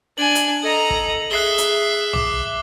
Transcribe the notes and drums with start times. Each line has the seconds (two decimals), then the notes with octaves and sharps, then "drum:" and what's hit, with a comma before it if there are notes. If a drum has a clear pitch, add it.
0.18 D4 G#5 F#7
0.35 drum: hi-hat
0.63 A4 D#5 A#5
0.90 drum: kick
1.31 G#4 E5 F#6 C7 G7
1.58 drum: hi-hat
2.13 D6, drum: tom